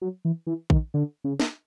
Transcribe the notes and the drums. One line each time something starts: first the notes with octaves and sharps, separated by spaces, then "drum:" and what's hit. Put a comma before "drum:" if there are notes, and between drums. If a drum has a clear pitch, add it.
F#3
E3
E3
D#3, drum: kick A#1
D3
C#3
drum: snare